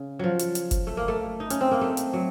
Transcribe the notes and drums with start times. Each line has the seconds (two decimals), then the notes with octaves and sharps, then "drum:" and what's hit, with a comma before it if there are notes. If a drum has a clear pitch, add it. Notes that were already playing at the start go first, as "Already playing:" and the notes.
Already playing: C#3
0.19 F3 F#3
0.40 drum: hi-hat
0.55 drum: hi-hat
0.71 drum: kick F#1, hi-hat
0.87 A3
0.97 A#3
1.08 A3
1.40 D#4
1.51 C#4, drum: hi-hat
1.61 C4
1.71 A#3
1.81 A3
1.97 drum: hi-hat
2.13 F#3